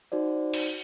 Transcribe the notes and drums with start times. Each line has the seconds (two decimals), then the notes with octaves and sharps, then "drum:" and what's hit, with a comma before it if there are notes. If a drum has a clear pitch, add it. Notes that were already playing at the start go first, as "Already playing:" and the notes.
0.12 D#4 F#4 C5 D5
0.53 drum: cymbal